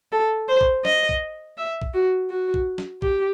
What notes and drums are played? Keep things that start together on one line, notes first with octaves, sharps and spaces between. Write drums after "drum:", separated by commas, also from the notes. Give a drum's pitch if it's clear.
A4
C5
drum: kick
D#5, drum: snare
drum: kick
E5
drum: kick
F#4
F#4
drum: kick
drum: snare
G4, drum: kick